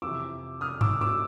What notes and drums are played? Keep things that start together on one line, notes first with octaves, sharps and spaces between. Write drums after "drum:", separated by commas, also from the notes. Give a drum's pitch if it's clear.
F2 C3 E3 D6 E6
D#6 F6
D6 E6, drum: tom G2
D6 E6